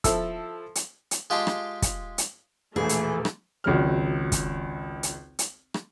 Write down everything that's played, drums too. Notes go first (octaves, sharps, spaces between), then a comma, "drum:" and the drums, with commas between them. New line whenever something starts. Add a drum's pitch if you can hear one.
F3 E4 A4 E6, drum: kick, hi-hat
drum: hi-hat
drum: hi-hat
G#3 F4 G4 G5 A5
drum: rim click
drum: kick, hi-hat
drum: hi-hat
E1 A#1 E3 A3 G#4
drum: hi-hat
drum: rim click
G#1 C#2 F#3 F6
drum: kick, hi-hat
drum: hi-hat
drum: hi-hat
drum: rim click